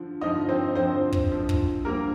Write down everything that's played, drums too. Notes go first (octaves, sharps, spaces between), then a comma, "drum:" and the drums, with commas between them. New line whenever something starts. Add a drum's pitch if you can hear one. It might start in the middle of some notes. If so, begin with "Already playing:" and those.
Already playing: D3 F3
D3 F3 D#4 D#5
C4 C5
D3 F3 C4 C5
drum: kick
D3 F3
drum: kick
D3 G3 A#3 A#4